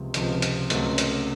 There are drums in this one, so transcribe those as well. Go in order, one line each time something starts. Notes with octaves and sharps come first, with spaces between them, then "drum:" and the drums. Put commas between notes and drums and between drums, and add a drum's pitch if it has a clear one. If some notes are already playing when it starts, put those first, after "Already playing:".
Already playing: C#2 C3 F3 G#3
C#2 C3 F3 G#3, drum: hi-hat
drum: hi-hat
C#2 C#3 F#3 A3 C4, drum: hi-hat
drum: hi-hat